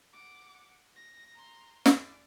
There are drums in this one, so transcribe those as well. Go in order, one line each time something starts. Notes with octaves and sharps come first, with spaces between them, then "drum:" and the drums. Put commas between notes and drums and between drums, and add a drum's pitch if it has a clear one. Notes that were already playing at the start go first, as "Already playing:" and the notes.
F#5 D6
A#6
A#5 C6
D5, drum: snare